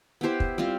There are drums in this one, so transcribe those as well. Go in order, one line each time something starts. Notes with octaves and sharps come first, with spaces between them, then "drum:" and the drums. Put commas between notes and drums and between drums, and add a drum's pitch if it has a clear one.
B3 E4 G4 C5
drum: kick
G3 C4 F4